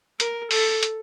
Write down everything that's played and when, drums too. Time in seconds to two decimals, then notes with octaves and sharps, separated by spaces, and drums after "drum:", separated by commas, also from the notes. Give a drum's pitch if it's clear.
0.20 A#4, drum: hi-hat
0.51 A4, drum: open hi-hat
0.83 drum: hi-hat